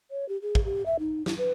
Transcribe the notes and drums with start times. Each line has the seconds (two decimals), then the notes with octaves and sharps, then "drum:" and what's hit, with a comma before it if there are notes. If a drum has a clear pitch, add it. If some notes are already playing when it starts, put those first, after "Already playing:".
0.11 C#5
0.29 G4
0.42 G#4
0.55 drum: kick
0.65 G4
0.86 E5
0.99 D#4
1.26 E4, drum: snare
1.38 B4